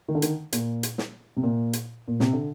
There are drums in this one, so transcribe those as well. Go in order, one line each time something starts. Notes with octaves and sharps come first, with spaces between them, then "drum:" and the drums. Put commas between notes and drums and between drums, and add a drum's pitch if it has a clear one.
D#3
D3
D#3, drum: hi-hat
A#2, drum: hi-hat
drum: hi-hat
drum: snare
C3
A#2
drum: hi-hat
A#2
C3, drum: snare
D3